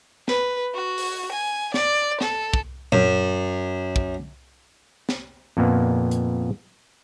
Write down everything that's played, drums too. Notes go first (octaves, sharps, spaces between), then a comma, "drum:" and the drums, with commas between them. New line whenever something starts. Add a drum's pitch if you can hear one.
B4, drum: snare
F#4
drum: open hi-hat
G#5
D5, drum: snare
A4, drum: snare
drum: kick
F#2, drum: tom A#2
drum: kick
drum: snare
F2 A#2 A#3 B3
drum: hi-hat